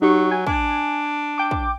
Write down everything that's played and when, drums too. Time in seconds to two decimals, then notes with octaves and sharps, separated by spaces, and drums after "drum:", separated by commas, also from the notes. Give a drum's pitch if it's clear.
0.02 F#3 D#4 G4 C#6
0.31 G#5
0.47 D4, drum: kick
1.38 G5 D6
1.51 drum: kick